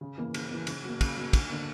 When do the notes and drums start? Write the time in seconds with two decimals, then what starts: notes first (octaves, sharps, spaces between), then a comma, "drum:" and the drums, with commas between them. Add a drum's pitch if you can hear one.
0.01 C#3
0.17 E3 A#3
0.34 C#3, drum: cymbal
0.51 E3 A#3
0.67 C#3, drum: cymbal
0.84 F#3 A#3
1.01 C#3, drum: kick, cymbal
1.17 F#3 A#3
1.33 D2, drum: kick, cymbal
1.50 D3 A#3